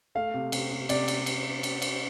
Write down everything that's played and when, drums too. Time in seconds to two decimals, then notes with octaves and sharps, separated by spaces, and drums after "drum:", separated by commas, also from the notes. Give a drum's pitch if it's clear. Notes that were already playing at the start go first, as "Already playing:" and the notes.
0.15 A3 F5
0.34 C3
0.52 C3, drum: cymbal
0.71 C3
0.89 C3 D5, drum: cymbal
1.08 drum: cymbal
1.26 drum: cymbal
1.63 drum: cymbal
1.82 drum: cymbal